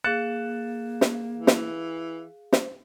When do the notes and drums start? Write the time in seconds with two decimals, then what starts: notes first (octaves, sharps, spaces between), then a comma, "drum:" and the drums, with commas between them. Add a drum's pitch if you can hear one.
0.04 A#3 G#4 F5 F#6 A6 C#7 E7
1.01 drum: snare
1.35 E3
1.47 drum: snare
2.53 C5, drum: snare